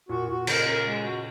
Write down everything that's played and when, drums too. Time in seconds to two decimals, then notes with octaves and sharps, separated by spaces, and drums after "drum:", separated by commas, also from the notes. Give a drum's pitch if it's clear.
0.09 A#2 F#4
0.28 A#2 F#4
0.47 C#3 A#4, drum: cymbal
0.66 C#4 A#4
0.86 G#3
1.04 F#4